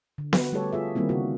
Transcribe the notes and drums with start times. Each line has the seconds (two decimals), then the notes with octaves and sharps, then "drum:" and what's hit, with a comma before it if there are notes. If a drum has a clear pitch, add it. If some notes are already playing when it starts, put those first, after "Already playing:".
0.18 D3
0.33 F#4 B4, drum: snare B3
0.52 G3 A3 B3 G4 A4 C#5
0.73 F4 G#4 E5
0.95 D#3 G3 A#3 C4 E4
1.09 C#3 F#4